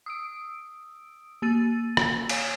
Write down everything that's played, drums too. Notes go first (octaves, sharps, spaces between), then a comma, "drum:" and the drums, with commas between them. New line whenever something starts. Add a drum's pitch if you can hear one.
D#6 E6 D7
A#3 E6 A6 D#7
drum: rim click
C#5 F5 G#5, drum: cymbal